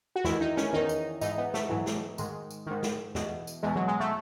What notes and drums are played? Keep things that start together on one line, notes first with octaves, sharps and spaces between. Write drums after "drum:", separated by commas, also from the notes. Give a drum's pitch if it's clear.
F#4
E2 D#3 E4, drum: snare
D#4
C#4, drum: snare
E2 D#3 D#4
drum: tambourine
G#2 E3 D#4, drum: tambourine
B3
A3, drum: snare
G#2 E3 F#3
drum: snare
G#2 D#3 G#3, drum: tambourine
drum: tambourine
G#2 D#3
drum: snare
E2 B2, drum: snare
drum: tambourine
E2 B2 G#3
F#3
G#3
A3